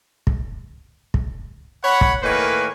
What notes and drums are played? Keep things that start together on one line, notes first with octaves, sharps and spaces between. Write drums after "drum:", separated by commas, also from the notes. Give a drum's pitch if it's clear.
drum: kick
drum: kick
C#5 F#5 B5
drum: kick
A2 D#3 A#3 B4 C#5 G#5